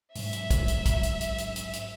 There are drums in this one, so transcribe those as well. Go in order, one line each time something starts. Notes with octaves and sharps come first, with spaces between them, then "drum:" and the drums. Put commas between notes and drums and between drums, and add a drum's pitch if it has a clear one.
G#2 F#3 E5, drum: open hi-hat
drum: hi-hat
drum: kick, hi-hat
drum: hi-hat
drum: kick, hi-hat
drum: hi-hat
drum: hi-hat
drum: hi-hat
drum: hi-hat
drum: hi-hat